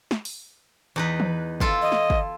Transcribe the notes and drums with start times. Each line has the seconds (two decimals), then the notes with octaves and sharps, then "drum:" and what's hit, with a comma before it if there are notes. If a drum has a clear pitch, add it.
0.11 drum: snare
0.25 drum: open hi-hat
0.96 E2 D#4 B4
1.20 drum: tom E3
1.60 E4 F4 A4, drum: kick
1.82 D#5
1.92 drum: snare
2.10 drum: kick